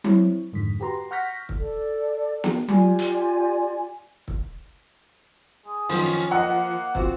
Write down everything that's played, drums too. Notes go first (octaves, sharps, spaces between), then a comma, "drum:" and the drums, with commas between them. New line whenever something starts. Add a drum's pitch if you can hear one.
C4 E4 C#5, drum: tom F#3
F2 G#2 D3 B6
F#4 G4 B4 A#5 C6
F#5 C#6 F6 G6 A#6 B6
drum: kick
A4 D5
drum: snare
F4 G4 D5 G#5, drum: tom F#3
drum: hi-hat
drum: kick
G#4
F#2 D#3 F3, drum: open hi-hat
C#4
A#3 D#5 F#5 A#5
C4 F4 F#4, drum: kick